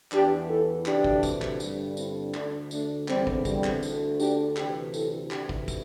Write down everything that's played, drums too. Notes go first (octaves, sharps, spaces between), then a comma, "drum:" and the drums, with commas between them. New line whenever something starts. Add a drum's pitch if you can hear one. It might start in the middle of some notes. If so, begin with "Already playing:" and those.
E2 E3 D4 G4, drum: clap
E4 A4
D2 C3 E3 D4 G4, drum: clap
drum: kick
drum: kick, tambourine
drum: clap
G2 D3, drum: tambourine
C4 E4, drum: tambourine
D2 D3 A3 D4, drum: clap
A3 D4, drum: tambourine
E2 D3 G3 C4, drum: clap
drum: kick
G3 C4, drum: kick, tambourine
drum: clap
D2 D3, drum: tambourine
D4 G4, drum: tambourine
D2 C3 E3 D4 G4, drum: clap
E4 A4, drum: tambourine
D2 C3 E3 D4 G4, drum: clap
drum: kick
drum: kick, tambourine